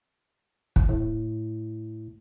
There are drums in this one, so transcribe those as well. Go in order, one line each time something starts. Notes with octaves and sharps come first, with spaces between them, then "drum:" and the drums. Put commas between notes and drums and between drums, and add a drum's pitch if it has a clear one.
drum: kick
A2